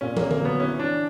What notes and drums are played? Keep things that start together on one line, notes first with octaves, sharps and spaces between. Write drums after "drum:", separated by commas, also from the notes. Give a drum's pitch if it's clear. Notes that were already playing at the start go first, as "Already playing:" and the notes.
A#2 C#4
A#3 C#4, drum: tom
A#3, drum: tom D3
F#3 B3
E3 C#4
E3 D4